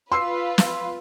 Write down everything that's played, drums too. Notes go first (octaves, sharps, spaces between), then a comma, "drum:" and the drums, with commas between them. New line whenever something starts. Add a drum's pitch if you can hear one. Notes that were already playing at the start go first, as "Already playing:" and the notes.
F4 B4 C6 E6 C7
drum: snare